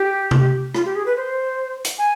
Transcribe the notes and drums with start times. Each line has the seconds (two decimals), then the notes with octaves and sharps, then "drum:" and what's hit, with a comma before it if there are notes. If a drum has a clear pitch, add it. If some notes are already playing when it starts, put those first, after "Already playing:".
Already playing: G4
0.31 drum: tom C3
0.75 F4, drum: rim click
0.85 G4
0.96 G#4
1.06 B4
1.17 C5
1.85 drum: hi-hat
1.98 G#5